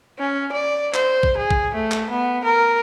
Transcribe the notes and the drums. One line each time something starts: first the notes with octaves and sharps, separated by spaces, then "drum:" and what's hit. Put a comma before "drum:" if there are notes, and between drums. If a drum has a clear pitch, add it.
C#4
D5
C5, drum: clap
drum: kick
G#4
drum: kick
A3
drum: clap
B3
A#4